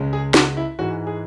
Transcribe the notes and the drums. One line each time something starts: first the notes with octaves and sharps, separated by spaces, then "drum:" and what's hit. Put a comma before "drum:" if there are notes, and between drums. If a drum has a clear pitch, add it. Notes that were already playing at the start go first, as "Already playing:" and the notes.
Already playing: C#2 C#3 G#3
G#4
F#4, drum: snare
E4
G#2 E3 G#3 F#4
G#4